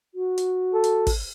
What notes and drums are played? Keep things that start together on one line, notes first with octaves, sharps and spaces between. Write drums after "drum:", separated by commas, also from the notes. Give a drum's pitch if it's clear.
F#4
drum: hi-hat
A4
drum: hi-hat
drum: kick, open hi-hat